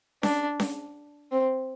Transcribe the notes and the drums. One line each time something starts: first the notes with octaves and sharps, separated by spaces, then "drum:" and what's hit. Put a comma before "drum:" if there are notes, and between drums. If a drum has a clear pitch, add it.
D4, drum: snare C#4
drum: snare C#4
C4